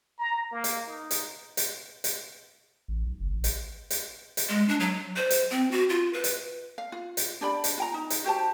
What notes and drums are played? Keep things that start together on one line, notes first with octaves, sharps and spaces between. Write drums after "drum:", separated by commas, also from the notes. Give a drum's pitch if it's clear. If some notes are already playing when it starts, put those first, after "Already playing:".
A#5
A#3
drum: hi-hat
D#4
drum: hi-hat
drum: hi-hat
drum: hi-hat
A1
B1
F#1
A1
drum: hi-hat
drum: hi-hat
drum: hi-hat
G#3
D4
F#3
C5
drum: hi-hat
C4
F#4
F4
B4
drum: hi-hat
F5
F4
drum: hi-hat
D4 G4 D5 B5
drum: hi-hat
F4 G5 A#5
D#4
drum: hi-hat
F#4 G4 C5 A5